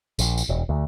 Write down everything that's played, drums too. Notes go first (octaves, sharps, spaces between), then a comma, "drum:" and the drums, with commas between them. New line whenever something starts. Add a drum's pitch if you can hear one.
A#1, drum: tambourine
drum: tambourine
E1
D2